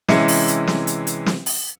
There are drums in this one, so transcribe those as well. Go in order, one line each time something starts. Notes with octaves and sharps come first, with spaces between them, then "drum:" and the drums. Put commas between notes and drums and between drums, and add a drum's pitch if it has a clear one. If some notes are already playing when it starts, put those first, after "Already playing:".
C3 E3 G#3 C#4 E4 C#7, drum: snare
drum: open hi-hat
drum: hi-hat
drum: snare
drum: hi-hat
drum: hi-hat
drum: snare
drum: open hi-hat